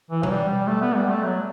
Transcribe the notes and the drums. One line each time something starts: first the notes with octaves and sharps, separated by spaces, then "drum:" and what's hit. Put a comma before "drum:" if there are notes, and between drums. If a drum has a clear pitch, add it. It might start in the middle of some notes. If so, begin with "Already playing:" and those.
E3
F#3, drum: tom B2
G3
G3
A3
B3
G3
A3
F#3